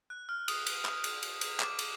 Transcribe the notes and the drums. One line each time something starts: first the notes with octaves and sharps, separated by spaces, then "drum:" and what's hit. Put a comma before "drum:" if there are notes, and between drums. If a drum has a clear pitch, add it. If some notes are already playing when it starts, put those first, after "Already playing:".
F#6
F6
D#6, drum: cymbal
drum: cymbal
drum: clap
drum: cymbal
drum: cymbal
drum: cymbal
D6, drum: clap
drum: cymbal